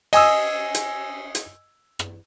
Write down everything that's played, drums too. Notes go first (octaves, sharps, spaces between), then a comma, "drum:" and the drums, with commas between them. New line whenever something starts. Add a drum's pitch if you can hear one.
D#5 G#5 D#6 E6, drum: cymbal
drum: hi-hat
drum: hi-hat
drum: rim click